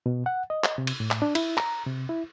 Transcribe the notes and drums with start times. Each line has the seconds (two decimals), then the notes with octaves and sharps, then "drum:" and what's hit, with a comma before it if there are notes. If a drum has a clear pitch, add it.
0.06 B2
0.26 F#5
0.50 D#5
0.64 drum: clap
0.78 C3
0.87 drum: cymbal
1.00 A2
1.11 drum: clap
1.22 D4
1.35 E4, drum: cymbal
1.57 A#5, drum: clap
1.86 C3
2.09 E4